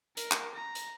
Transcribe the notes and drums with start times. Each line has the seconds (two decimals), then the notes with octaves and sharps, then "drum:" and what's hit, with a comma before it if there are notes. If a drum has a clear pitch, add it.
0.17 A#4, drum: hi-hat
0.32 drum: clap
0.55 A#5
0.75 drum: hi-hat